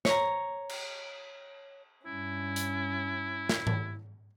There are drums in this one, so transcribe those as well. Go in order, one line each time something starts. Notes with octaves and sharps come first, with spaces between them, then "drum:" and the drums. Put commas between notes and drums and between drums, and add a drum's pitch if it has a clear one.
C#5 A#5, drum: snare
drum: cymbal
G2 C#4 E4
drum: hi-hat
drum: snare
drum: tom G#2